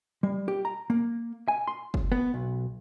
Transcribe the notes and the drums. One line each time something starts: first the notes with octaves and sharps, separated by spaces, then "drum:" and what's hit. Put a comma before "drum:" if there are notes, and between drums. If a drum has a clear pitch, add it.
G3
G4
A#5
A#3
G#5
C6
drum: kick
B3
B1